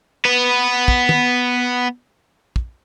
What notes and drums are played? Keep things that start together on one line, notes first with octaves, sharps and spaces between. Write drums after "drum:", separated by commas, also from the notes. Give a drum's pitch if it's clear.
B3 B4
drum: kick
drum: tom
drum: kick